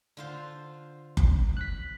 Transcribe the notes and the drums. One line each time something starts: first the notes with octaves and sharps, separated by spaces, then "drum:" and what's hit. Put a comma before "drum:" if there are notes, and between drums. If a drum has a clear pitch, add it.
D3 F4 C5
drum: kick F#1
F#6 B6